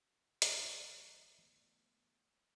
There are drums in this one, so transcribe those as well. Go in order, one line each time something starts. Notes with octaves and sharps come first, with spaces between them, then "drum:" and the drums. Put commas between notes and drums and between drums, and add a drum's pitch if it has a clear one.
G#1 F3 G#3, drum: hi-hat
E3 A3 B3